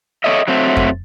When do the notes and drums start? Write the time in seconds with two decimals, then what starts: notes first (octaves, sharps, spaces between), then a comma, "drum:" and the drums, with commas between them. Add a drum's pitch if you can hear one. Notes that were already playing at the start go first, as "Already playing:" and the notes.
0.24 A4 C#5 D#5 E5
0.48 F#3 A3 C4
0.77 drum: kick F2